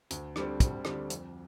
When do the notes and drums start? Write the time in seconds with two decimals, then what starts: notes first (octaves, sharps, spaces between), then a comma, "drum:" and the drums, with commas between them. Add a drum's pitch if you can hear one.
0.11 D2, drum: hi-hat
0.36 D3 G3 C4, drum: rim click
0.60 D2, drum: kick, hi-hat
0.85 D3 G3 C4, drum: rim click
1.10 F2, drum: hi-hat